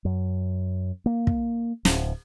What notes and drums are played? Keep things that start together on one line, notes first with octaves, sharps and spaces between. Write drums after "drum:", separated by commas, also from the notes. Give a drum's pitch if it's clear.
F#2
A#3
drum: kick
D1, drum: snare